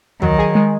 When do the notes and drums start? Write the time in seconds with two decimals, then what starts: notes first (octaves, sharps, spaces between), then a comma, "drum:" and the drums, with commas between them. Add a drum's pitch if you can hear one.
0.22 D#3 F#3, drum: tom
0.39 G#4
0.55 G#3